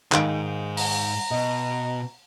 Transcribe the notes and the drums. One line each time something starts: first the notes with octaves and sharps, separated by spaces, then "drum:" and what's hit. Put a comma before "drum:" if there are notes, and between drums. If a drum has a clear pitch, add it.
G#2 D#3 G#4 F5 D7, drum: clap
A#5, drum: open hi-hat
B2 D#5